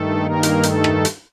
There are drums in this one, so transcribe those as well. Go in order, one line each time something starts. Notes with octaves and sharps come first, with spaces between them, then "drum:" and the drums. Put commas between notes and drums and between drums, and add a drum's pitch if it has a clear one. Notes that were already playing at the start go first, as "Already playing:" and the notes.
Already playing: G2 D#3 A3 A4
A#3 A#4
drum: hi-hat
A3 A4, drum: hi-hat
drum: rim click
drum: hi-hat